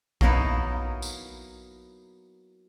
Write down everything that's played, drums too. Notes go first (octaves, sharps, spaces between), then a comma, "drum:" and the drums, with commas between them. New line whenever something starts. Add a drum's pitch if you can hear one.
F#3 A#3 B3 D#4 E4, drum: kick A#1
drum: tambourine